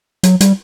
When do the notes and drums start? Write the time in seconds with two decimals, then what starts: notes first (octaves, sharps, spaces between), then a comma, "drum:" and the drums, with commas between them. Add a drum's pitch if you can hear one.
0.23 F#3, drum: hi-hat
0.41 G3, drum: hi-hat